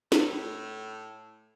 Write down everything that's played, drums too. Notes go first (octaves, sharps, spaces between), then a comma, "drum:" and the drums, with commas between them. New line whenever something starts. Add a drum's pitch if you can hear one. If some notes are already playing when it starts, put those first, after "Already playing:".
A2, drum: snare